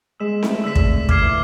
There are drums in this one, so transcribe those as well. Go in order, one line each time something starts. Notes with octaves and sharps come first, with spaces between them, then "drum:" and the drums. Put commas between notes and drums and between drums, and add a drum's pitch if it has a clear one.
G#3 E6 B6 E7
A3, drum: snare C4
D3 E6 B6 E7
drum: kick
F3 D6 F6 G#6 C7 E7, drum: kick
E3